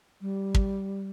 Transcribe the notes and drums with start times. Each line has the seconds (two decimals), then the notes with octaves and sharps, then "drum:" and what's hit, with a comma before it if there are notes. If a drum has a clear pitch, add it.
0.21 G3
0.54 drum: kick